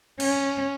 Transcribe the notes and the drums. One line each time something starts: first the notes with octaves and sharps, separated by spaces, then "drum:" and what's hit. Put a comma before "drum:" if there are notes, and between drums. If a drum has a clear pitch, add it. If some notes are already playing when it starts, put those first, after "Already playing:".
C#4, drum: cymbal